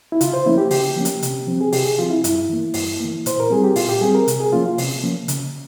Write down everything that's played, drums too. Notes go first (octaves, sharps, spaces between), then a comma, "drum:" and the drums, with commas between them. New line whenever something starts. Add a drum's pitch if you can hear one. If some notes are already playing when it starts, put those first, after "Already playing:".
E4
C#3 F4, drum: hi-hat
C5
F3 A#3 C#4 E4
G4
C#3 G4, drum: open hi-hat
F3 A#3 C#4
drum: hi-hat
C3, drum: hi-hat
F3 C4
G#4
C3 G4, drum: open hi-hat
G#4
F3 C4 F4
E4
G2 E4, drum: hi-hat
E3 A#3
G2, drum: open hi-hat
E3 A#3
A#2 C5, drum: hi-hat
A#4
G3 C4 G#4
G4
A#2 F4, drum: open hi-hat
G4
G3 C4 G#4
A#4
C3, drum: hi-hat
G#4
F3 A#3 C#4 F4
F4
C3, drum: open hi-hat
F3 A#3 C#4
C#3, drum: hi-hat